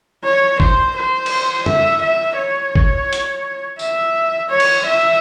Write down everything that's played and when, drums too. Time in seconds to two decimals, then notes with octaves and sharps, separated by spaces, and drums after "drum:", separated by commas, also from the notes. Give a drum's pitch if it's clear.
0.24 C#5
0.60 C5, drum: kick
0.96 C5
1.26 drum: cymbal
1.66 E5, drum: tom
2.02 E5
2.37 C#5
2.75 drum: kick
3.13 drum: hi-hat
3.79 E5, drum: tambourine
4.50 C#5
4.60 drum: cymbal
4.86 E5